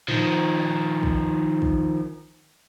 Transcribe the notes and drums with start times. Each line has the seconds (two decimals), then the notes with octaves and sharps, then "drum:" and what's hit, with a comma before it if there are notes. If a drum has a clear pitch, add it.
0.08 D#3 F3, drum: tom A2
1.03 drum: kick
1.62 drum: kick